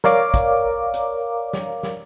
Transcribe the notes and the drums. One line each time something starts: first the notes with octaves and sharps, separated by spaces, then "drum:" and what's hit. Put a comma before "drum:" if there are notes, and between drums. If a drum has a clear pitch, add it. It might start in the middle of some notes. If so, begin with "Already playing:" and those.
A#4 C#5 D5 F5 A#5 D6, drum: snare
drum: kick, hi-hat
drum: hi-hat
drum: snare
drum: snare